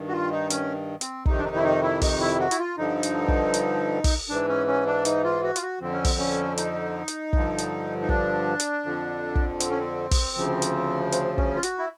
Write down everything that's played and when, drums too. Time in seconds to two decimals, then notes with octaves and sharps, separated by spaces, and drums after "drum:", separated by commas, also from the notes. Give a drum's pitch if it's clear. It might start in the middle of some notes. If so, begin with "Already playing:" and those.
Already playing: G2 D#3
0.08 F#4
0.12 F4
0.31 D#4
0.50 C#4, drum: hi-hat
1.01 C4, drum: hi-hat
1.26 F2 C3 D#3 D#4, drum: kick
1.38 D4
1.45 D#4
1.56 E4
1.63 D#4
1.83 E4
2.01 D#4, drum: kick, open hi-hat
2.21 E4
2.40 F#4
2.51 E4, drum: hi-hat
2.59 F4
2.78 G2 D3 F3 D#4
3.03 drum: hi-hat
3.28 drum: kick
3.54 drum: hi-hat
4.04 drum: kick, open hi-hat
4.29 G#2 E3 D4
4.49 C#4
4.67 C#4
4.87 D4
5.05 D#4, drum: hi-hat
5.24 F4
5.43 F#4
5.56 F4, drum: hi-hat
5.62 F#4
5.81 F2 D3 F3 C4
5.93 C#4
6.05 C4, drum: kick, open hi-hat
6.19 C#4
6.57 D#4, drum: hi-hat
7.08 drum: hi-hat
7.33 G2 D3 F3, drum: kick
7.58 drum: hi-hat
8.02 D#4
8.09 D4, drum: kick
8.60 drum: hi-hat
8.85 F2 D3 F3
9.35 drum: kick
9.60 C4, drum: hi-hat
9.70 C#4
9.80 C4
10.11 drum: kick, open hi-hat
10.37 D2 C#3 F3
10.62 drum: hi-hat
11.12 C4, drum: hi-hat
11.38 C#4, drum: kick
11.55 F4
11.63 F#4, drum: hi-hat
11.79 E4